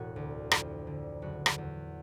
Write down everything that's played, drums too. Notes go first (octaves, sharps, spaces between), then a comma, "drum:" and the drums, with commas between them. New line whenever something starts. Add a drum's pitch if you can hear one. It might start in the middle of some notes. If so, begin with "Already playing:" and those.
Already playing: E1 A2 F#4
D2
F2, drum: rim click
D3
F#1 F#4
drum: rim click
E2